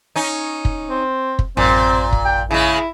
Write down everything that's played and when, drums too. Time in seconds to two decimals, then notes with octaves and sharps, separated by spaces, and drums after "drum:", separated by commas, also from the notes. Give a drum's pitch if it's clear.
0.16 C#4 D#4
0.65 drum: kick
0.89 C4
1.39 drum: kick
1.57 A1 F#2 A#2 C4
2.12 drum: kick
2.25 G5
2.51 C#3 G#3 E4